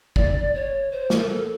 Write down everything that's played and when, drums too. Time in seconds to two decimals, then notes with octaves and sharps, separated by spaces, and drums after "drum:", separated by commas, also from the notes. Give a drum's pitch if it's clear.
0.16 D5, drum: kick
0.55 C#5
0.92 C5
1.10 A#4, drum: snare
1.29 A4